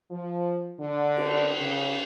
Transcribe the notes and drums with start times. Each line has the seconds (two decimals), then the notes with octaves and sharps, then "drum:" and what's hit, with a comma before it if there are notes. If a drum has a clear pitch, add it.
0.11 F3
0.79 D3
1.17 drum: cymbal
1.59 C#3